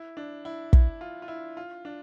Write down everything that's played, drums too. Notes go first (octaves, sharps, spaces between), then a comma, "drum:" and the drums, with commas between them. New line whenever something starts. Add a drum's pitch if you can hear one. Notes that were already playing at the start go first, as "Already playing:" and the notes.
Already playing: E4
D4
E4
E4, drum: kick
F4
F4
E4
F4
D4